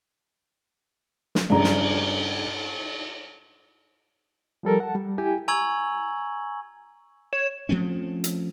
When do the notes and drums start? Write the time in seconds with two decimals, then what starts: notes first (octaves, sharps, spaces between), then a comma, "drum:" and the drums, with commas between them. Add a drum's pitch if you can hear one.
1.35 drum: snare
1.50 G2 C#3 G#4 A#5, drum: cymbal
1.64 drum: snare
4.63 F3 G3 A4 A#4
4.80 F#5 A5
4.95 G3
5.18 E4 G4 G5 G#5
5.48 G#5 A#5 C#6 E6 G#6 F#7
7.33 C#5 E7
7.69 F3 A3 C4 C#4
8.24 drum: hi-hat